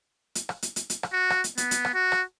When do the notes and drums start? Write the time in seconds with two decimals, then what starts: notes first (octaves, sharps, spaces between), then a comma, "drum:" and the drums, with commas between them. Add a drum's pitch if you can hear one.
0.35 drum: hi-hat
0.49 drum: rim click
0.62 drum: hi-hat
0.76 drum: hi-hat
0.90 drum: hi-hat
1.03 drum: rim click
1.13 F#4
1.30 drum: rim click
1.44 drum: hi-hat
1.58 B3, drum: hi-hat
1.71 drum: hi-hat
1.85 drum: rim click
1.94 F#4
2.12 drum: rim click